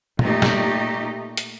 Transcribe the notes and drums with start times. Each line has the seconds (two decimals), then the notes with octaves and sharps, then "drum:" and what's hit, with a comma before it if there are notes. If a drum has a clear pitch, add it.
0.19 A#2 A3 D#4 G4, drum: tom A#2
0.42 drum: snare
1.37 drum: hi-hat